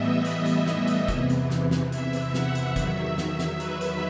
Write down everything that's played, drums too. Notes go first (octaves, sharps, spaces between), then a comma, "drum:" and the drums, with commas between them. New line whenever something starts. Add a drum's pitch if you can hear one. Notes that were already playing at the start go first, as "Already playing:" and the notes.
Already playing: A2 E3 G3 B3 D#5 E5
D#5, drum: hi-hat
drum: hi-hat
drum: snare
drum: hi-hat
E2 C3 E3, drum: kick, hi-hat
drum: hi-hat
drum: snare
drum: snare
E5, drum: hi-hat
drum: hi-hat
F#5, drum: snare
drum: hi-hat
E2 D#3 F#3 E5, drum: kick, hi-hat
drum: snare
drum: snare
B4, drum: hi-hat
drum: hi-hat